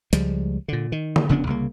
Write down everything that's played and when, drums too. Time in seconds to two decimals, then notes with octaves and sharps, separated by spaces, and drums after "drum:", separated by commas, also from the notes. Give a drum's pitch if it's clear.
0.13 C#2 F3 G3 G#3, drum: hi-hat
0.68 A#2 D3
0.92 D#3
1.16 drum: tom D3
1.29 F1 C#3 B3 D4
1.47 C2 C#3 A#3